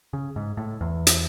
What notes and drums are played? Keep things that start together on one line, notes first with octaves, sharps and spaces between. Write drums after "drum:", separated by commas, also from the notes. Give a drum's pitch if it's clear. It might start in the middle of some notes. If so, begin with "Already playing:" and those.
C#3
G#2
A2
E2
drum: hi-hat